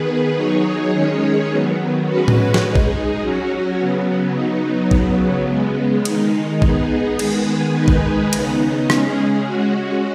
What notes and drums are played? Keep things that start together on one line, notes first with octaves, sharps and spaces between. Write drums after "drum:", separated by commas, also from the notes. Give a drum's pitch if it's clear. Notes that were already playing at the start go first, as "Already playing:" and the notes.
Already playing: D#3 B3 G#4 B4
F#3 D#4 G#4 C#5
D#3 G#3 C#4 G#4 C#5
D#3 F#3 B3
G#3 C#4 F#4 B4
drum: tom A2
drum: snare
G#3 D#4 G#4
drum: kick
F#3 C#4 F#4
C#3 F#3 B3
F#3 B3 D#4
C#3 F#3 B3, drum: kick
C#3 G#3 B3
D#3 G#3 D#4, drum: cymbal
B3 D#4 G#4, drum: kick
D#3 G#3 B3 G#4, drum: cymbal
D#3 G#3 D#4 G#4 B4
drum: kick
C#3 B3 D#4, drum: cymbal
C#3 G#3 C#4 G#4, drum: rim click
G#3 C#4 F#4